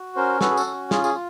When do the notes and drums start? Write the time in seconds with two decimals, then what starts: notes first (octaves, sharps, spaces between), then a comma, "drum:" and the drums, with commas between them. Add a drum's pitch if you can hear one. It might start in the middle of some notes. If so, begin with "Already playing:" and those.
Already playing: F#4
0.16 C#4 A#4 C5
0.41 F#4 A4 B4, drum: snare
0.50 G#4
0.57 A4, drum: tambourine
0.66 C#4
0.91 F4 G#4, drum: snare
1.04 G#4, drum: tambourine
1.15 F4